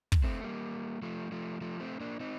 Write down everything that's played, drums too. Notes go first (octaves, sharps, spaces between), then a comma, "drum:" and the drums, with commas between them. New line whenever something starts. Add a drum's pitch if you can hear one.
drum: kick
A3 C4
G3 A#3
F3 A3
F3 A3
F3 A3
A3 C4
A#3 D4
C4 D#4